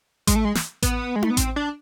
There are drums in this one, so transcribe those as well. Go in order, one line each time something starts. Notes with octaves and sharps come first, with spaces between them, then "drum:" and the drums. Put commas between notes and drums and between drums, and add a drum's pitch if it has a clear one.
G#3, drum: kick A1, hi-hat
A3
G#3
drum: snare
B3, drum: kick A1, hi-hat
G#3
A3, drum: tom D#4
B3
C4, drum: kick A1, hi-hat
D4